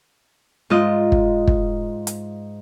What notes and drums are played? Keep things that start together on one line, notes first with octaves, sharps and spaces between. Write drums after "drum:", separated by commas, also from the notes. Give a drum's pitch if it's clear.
G#2 F4 D#5
drum: kick
drum: kick
drum: hi-hat